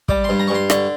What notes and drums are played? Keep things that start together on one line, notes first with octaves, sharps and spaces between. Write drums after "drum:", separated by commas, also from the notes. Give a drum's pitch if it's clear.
G3 D6, drum: kick
G2 C6
A#5
C#6
G2 C6
D3 C#6, drum: rim click